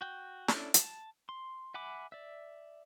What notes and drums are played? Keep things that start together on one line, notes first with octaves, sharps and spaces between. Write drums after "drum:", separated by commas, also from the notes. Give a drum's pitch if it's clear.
F#4 G5
C#4 D4 E4 A4 D5, drum: snare
A5, drum: hi-hat
C6
E5 F#5 G#5 B5 D6
D5 E5